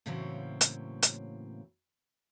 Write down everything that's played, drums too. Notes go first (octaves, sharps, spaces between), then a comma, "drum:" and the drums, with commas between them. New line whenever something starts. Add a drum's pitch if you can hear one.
A2 C#3 E3 F#3 A#3 C4
drum: hi-hat
drum: hi-hat